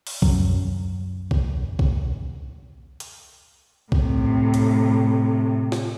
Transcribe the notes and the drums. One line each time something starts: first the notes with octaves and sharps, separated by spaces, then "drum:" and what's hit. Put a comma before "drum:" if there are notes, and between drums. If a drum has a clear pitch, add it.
drum: open hi-hat
F#2 F#3, drum: kick B1
drum: kick B1
drum: kick B1
drum: hi-hat
A2 C3, drum: kick B1
drum: hi-hat
drum: snare